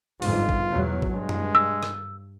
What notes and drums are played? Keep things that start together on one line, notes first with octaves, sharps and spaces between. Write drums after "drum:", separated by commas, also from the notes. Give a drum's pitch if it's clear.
G1 F2 G#2 F4, drum: open hi-hat
drum: kick
E2 B2 F#3
drum: kick
G2 G#3
drum: tom F#2
E6
drum: rim click